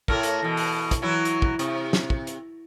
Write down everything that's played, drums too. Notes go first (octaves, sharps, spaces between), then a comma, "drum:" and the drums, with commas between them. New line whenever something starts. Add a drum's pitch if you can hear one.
A2 A3 A#4, drum: kick
drum: hi-hat
B2 E3
drum: open hi-hat
drum: kick, hi-hat
E3 F#3 E4
drum: hi-hat
drum: kick
C3, drum: hi-hat
drum: snare
drum: kick
drum: hi-hat